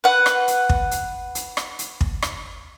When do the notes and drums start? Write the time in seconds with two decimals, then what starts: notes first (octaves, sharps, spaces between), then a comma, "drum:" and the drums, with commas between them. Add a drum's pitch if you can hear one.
0.04 B4 F#5
0.26 drum: rim click
0.48 drum: hi-hat
0.69 drum: kick
0.91 drum: hi-hat
1.35 drum: hi-hat
1.57 drum: rim click
1.79 drum: hi-hat
2.01 drum: kick
2.22 drum: rim click